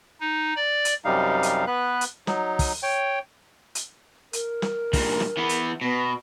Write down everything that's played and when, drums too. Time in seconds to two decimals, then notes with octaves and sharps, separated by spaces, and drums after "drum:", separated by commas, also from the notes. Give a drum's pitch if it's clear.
0.21 D#4
0.56 D5
0.85 drum: hi-hat
1.05 F#2 C3 G3 D#4 F5
1.43 drum: hi-hat
1.67 B3 B4 F#6
2.01 drum: hi-hat
2.27 F#3 D#4, drum: snare
2.59 drum: kick, open hi-hat
2.83 C#5 G5
3.75 drum: hi-hat
4.33 A#4, drum: hi-hat
4.62 drum: snare
4.93 G2 A#2, drum: kick, open hi-hat
5.20 drum: snare
5.37 E3 B3
5.49 drum: hi-hat
5.81 B2 B3